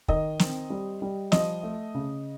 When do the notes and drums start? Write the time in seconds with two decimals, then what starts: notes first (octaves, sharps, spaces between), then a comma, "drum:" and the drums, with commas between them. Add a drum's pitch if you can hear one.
0.08 D#3 D#5, drum: kick
0.39 C4, drum: snare
0.70 G3
1.02 G3
1.32 F3 D#5, drum: snare
1.63 A3
1.94 C#3